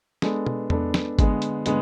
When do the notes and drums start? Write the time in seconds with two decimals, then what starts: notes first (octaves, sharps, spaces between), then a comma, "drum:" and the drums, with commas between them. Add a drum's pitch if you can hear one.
0.22 G#3 B3 D4 A4, drum: snare
0.46 drum: tom
0.70 G#3 B3 D4 A4, drum: tom E2
0.94 drum: snare
1.19 D3 G#3 B3, drum: kick G#1, hi-hat
1.42 drum: hi-hat
1.66 D3 G#3 B3, drum: hi-hat